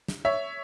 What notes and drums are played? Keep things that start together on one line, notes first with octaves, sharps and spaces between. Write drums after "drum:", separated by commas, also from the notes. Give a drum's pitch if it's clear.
drum: snare
C#5 E5